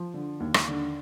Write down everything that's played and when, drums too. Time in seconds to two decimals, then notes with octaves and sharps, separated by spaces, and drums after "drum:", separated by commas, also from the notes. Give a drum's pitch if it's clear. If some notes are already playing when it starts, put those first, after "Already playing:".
Already playing: F3
0.14 D3
0.40 D#2
0.54 drum: rim click
0.68 D3